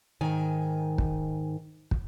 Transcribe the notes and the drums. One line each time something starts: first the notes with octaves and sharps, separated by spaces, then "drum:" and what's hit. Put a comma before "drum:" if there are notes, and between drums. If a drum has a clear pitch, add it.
G#2 D#3 G#5
drum: kick
drum: kick